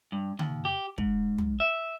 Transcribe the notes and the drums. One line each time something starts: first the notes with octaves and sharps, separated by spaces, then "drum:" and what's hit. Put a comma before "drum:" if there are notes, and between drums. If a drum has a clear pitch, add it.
G2
D#2, drum: tom C#3
G4
G#2, drum: kick
drum: tom
E5